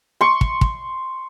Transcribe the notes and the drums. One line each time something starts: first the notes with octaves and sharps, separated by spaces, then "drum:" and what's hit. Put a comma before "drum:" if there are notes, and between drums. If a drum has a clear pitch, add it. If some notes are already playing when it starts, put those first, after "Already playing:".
C6 C#6
drum: kick
drum: kick